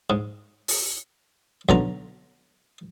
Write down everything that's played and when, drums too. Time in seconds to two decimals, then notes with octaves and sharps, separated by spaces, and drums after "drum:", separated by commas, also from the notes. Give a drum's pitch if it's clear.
0.10 G#2
0.68 drum: open hi-hat
1.69 B1 D3 A#5, drum: kick